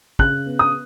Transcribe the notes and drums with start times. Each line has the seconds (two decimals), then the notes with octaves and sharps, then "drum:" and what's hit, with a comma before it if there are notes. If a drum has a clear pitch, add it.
0.19 C#3 F#6, drum: kick
0.46 B3
0.59 D#6